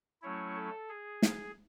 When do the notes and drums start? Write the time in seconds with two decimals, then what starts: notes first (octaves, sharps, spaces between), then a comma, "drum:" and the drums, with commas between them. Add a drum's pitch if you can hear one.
0.22 F#3 A3 C#4 E4 C#5
0.56 A4
0.89 G#4
1.22 drum: snare